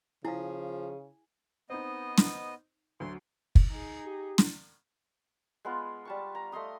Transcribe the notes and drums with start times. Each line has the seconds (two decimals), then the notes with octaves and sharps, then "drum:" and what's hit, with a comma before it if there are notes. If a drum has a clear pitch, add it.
0.25 C#3 F3 E4 G#4 F5
1.70 B3 C4 D#4 D#5
2.18 drum: snare
3.00 D2 F#3 C6
3.55 drum: kick
3.70 D#4 G#4
4.05 G4
4.38 drum: snare
5.65 G#3 B3 F4
6.05 G3 A5 C#6
6.35 A#5
6.52 A3 D#5 C6 D#6